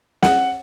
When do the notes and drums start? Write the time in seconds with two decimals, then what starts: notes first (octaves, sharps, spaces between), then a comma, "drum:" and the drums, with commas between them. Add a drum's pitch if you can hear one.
0.23 F#5, drum: snare